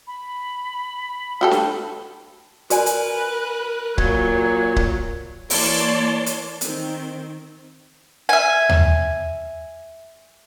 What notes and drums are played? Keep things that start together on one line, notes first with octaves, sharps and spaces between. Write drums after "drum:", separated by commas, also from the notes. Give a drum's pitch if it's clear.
B5
F#4 G4 A4
drum: snare
F#4 A#4 B4 D5 G#5, drum: hi-hat
drum: hi-hat
A#2 F#3 G#6, drum: kick C#1
drum: kick C#1
E3 A#3 C#5 D5 A5 C6, drum: open hi-hat
drum: hi-hat
D#3 C4, drum: hi-hat
E5 G#5
drum: tom D#2